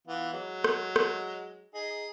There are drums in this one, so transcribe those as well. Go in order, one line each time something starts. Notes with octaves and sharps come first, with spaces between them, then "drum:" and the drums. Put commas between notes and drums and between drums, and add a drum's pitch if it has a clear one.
E3 B3 F4
F#3 G#3
drum: rim click
drum: rim click
D#4 G#4